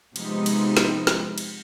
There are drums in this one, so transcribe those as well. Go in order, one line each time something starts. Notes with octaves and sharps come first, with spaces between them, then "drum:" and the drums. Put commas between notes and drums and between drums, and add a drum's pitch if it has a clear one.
C3 F3 G#3 B3 D#4, drum: cymbal
drum: cymbal
drum: snare
drum: snare
drum: cymbal